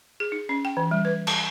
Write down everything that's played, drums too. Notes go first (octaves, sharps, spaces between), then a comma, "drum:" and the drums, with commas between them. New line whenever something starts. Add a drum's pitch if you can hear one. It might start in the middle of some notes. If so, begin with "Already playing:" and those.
G#4
D#4
C#4
G5
E3
G3
B4
A5, drum: cymbal